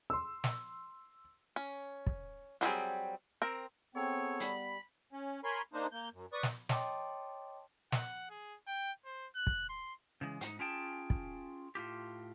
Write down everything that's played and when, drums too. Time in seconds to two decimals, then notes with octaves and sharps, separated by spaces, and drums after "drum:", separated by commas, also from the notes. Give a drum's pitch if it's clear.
0.10 C6 E6
0.44 drum: snare
1.56 C#4
2.06 drum: kick
2.61 F#3 G3 C4 G#4, drum: hi-hat
3.42 C4 A#4
3.95 B3 C4 G#4 A4 C#5
4.40 G3 B5, drum: hi-hat
5.12 C#4
5.44 A#4 C#5 G#5 B5 C6
5.73 A#3 D4 D#4 C5
5.92 A#3 G6
6.13 F#2
6.33 B4 D5 C#6 D#6
6.43 drum: snare
6.69 C#5 D#5 G5 A5 C6 D6, drum: snare
7.92 F#5, drum: snare
8.30 G#4
8.67 G5
9.05 C5
9.35 F#6
9.47 drum: kick
9.69 C6
10.21 C#3 E3 G#3
10.41 G#2 D#4, drum: hi-hat
10.59 C#4 F4 G#4 G5 A5
11.10 drum: kick
11.75 A2 F4 G4